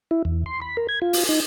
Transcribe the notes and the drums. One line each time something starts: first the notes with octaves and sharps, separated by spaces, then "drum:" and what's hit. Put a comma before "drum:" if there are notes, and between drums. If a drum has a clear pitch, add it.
E4
E2
C6
B5
A#4
G#6
F4
drum: open hi-hat
D#4